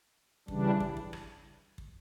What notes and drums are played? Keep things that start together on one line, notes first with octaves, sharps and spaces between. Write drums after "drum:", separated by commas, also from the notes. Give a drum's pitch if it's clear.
C#3 E3 G3 D4, drum: kick
drum: kick
drum: kick
drum: rim click
drum: kick